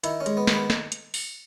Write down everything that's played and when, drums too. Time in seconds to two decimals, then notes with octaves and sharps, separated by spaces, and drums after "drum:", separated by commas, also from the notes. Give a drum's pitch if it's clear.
0.04 D#3 E4, drum: hi-hat
0.20 C#4
0.26 G#3, drum: hi-hat
0.37 B3
0.47 D#3, drum: snare
0.53 B3
0.70 drum: snare
0.92 drum: hi-hat
1.14 drum: open hi-hat